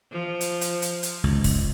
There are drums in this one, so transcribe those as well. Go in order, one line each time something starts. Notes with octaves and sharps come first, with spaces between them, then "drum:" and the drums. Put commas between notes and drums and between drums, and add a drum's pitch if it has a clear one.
F3
drum: hi-hat
drum: hi-hat
drum: hi-hat
drum: hi-hat
C#2
drum: kick, open hi-hat